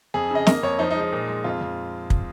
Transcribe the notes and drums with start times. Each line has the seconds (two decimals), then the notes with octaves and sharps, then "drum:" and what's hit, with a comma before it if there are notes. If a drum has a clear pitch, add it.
0.14 F2 G#4
0.31 C#3 D#5
0.47 A#3 D#5, drum: snare
0.63 F2 C#5
0.79 F3 D#4
0.90 D#4
0.96 G#3
1.01 D#4
1.13 A#2
1.28 G#3
1.44 F2 F4
1.61 F2
2.10 drum: kick